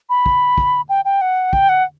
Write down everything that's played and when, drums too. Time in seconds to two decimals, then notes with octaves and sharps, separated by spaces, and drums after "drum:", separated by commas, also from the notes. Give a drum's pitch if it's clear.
0.10 B5
0.26 drum: kick
0.58 drum: kick
0.89 G5
1.05 G5
1.21 F#5
1.53 G5, drum: kick
1.69 F#5